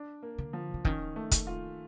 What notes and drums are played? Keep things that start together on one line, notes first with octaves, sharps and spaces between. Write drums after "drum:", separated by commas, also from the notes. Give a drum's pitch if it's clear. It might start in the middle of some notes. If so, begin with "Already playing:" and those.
Already playing: D4
A#3
D3
F3
D3
D#3 C#4, drum: kick
A3
drum: kick, hi-hat
F4